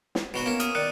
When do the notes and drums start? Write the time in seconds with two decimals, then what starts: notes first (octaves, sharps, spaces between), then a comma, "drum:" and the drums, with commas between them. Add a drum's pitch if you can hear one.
0.15 drum: snare
0.34 B2 F#3 F#4 B4
0.46 A#3 B3 C#4 E7
0.60 D#6 F6 D#7, drum: hi-hat
0.75 D#3 D5 F#6 C#7